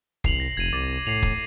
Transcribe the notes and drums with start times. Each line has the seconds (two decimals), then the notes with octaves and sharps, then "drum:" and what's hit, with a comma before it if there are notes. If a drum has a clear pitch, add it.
0.24 C2 C7 F7 F#7, drum: kick
0.40 A#6
0.57 F1 G#6 D#7
0.73 C2 D6 A6
1.07 A2 C7 F7
1.22 drum: kick